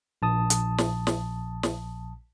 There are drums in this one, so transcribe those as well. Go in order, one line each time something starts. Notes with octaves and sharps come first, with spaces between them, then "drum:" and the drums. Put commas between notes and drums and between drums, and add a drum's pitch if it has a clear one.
A#1 A5 D#6
drum: hi-hat
drum: snare
drum: snare
drum: snare